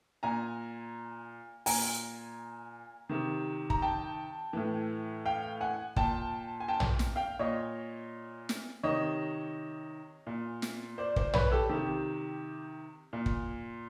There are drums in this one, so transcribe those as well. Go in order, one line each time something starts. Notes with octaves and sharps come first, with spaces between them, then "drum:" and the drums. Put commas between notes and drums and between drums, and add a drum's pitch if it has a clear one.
A#2 G#5 A#5
A#2 G#5 A#5, drum: open hi-hat
C3 D#3
A#5, drum: kick
G5 A5
A2 E3
F5 G5
F#5 G#5
A#2 G5 A5, drum: kick
G#5
G5 A5
drum: tom
drum: snare
F5 G5
A#2 C#5 D#5
drum: snare
C3 D#3 C#5 D#5
A#2
drum: snare
C5 D5
C5 D5, drum: kick
B4 C#5, drum: tom
G4 A4
C3 D#3 G4
A#2
drum: kick